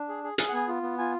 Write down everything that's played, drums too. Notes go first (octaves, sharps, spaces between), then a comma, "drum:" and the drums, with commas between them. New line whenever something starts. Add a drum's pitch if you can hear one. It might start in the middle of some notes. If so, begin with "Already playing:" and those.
Already playing: D4
G#4
G#4
G#4, drum: hi-hat
F#5
B3 G#5
F4
B3
F4 G#5